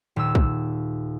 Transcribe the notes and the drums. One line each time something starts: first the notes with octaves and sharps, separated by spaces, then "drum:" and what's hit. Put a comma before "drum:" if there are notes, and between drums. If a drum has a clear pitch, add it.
D#1 E6
drum: kick